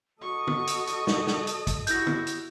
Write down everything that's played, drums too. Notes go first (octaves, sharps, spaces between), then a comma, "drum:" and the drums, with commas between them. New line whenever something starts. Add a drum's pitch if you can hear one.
F#4 A4 D#5 C#6
drum: tom
drum: hi-hat
drum: hi-hat
drum: snare
drum: snare
drum: hi-hat
drum: kick, hi-hat
E4 F#4 G4 G6 A#6, drum: hi-hat
drum: tom
drum: hi-hat